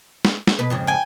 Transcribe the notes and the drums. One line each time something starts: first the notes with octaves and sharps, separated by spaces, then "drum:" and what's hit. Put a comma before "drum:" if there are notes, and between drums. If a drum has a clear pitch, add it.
drum: snare
drum: snare
B2 B4
F2 G#2 C#3
G5 G#5